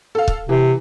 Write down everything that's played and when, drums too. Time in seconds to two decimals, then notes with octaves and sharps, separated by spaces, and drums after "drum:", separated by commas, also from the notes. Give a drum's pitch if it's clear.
0.15 A4 F5
0.28 drum: kick
0.49 C3 E3